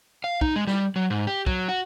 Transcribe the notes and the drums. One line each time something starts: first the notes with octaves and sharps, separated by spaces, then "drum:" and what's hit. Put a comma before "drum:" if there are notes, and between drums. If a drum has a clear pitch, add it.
F5
D#4, drum: kick
G#3
G3, drum: snare
F#3
G#2
G4
F#3, drum: kick
F#4